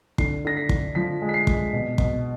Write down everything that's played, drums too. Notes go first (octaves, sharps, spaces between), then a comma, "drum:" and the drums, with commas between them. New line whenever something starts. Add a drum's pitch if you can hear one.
D3 C7, drum: kick
D3 A#6
B6
D3, drum: kick
F3 B6
G#3
B6
C7
G#3, drum: kick
B2
B2, drum: kick